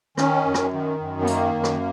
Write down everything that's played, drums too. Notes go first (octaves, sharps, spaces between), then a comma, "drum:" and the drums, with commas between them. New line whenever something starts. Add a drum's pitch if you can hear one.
D#3 C#4, drum: rim click
F#2
drum: rim click
D#3
F#2
B3
D#3 A#3, drum: hi-hat
F#2
drum: rim click